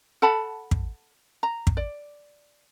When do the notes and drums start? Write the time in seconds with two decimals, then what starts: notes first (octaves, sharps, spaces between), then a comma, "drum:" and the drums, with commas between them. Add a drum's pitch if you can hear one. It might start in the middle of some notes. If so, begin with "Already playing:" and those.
0.22 A4 F#5 A5 B5
0.71 drum: kick
1.43 A#5
1.67 drum: kick
1.77 D5